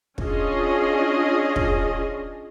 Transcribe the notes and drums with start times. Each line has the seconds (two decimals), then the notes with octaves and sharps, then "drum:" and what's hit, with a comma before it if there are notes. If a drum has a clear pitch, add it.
0.18 C#4 D4 F4 G#4 D#5, drum: kick
1.56 drum: kick